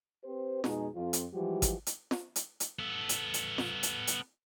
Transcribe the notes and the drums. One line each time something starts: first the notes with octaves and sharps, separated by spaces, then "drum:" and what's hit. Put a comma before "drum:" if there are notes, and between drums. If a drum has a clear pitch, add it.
C4 G4 B4 C5
F2 B2 G#3 D#4 G#4, drum: snare
F2 F4
drum: hi-hat
E3 F3 G3 G#3 F#4 G4
drum: kick G#1, hi-hat
drum: hi-hat
drum: snare
drum: hi-hat
drum: hi-hat
B3 A4
drum: hi-hat
drum: hi-hat
drum: snare
drum: hi-hat
drum: hi-hat